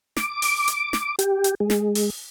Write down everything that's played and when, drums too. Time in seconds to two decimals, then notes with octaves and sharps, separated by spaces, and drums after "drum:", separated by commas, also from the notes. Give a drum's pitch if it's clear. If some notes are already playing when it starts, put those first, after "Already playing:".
0.16 D6, drum: snare
0.42 drum: open hi-hat
0.68 drum: hi-hat
0.93 drum: snare
1.19 G4, drum: hi-hat
1.44 drum: hi-hat
1.60 G#3
1.70 drum: snare
1.95 drum: open hi-hat